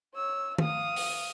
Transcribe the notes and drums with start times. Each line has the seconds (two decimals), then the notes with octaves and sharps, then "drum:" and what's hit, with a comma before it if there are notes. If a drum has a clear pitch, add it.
0.15 C#5 E6
0.58 F5 D#6, drum: tom D#3
0.96 drum: open hi-hat